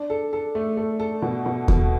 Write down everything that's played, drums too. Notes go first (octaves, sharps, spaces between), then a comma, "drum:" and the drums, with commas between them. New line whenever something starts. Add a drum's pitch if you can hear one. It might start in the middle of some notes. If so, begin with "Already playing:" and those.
Already playing: D4
A4
A4
A3
A3
A4
B2
B2
B2, drum: kick D#2